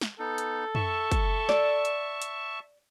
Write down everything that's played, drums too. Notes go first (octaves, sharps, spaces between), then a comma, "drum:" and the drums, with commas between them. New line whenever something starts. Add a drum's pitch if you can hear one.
drum: snare
B3 D#4 A4
drum: hi-hat
E5 A5 C#6, drum: tom
drum: kick, hi-hat
D5, drum: snare
drum: hi-hat
drum: hi-hat